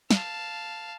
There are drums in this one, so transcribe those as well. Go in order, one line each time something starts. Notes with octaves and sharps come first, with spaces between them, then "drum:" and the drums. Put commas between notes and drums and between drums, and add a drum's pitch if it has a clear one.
F5 A5, drum: snare